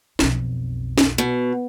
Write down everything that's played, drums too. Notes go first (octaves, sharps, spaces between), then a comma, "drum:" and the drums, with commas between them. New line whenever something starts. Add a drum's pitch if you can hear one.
B1 F2, drum: snare
drum: snare
B2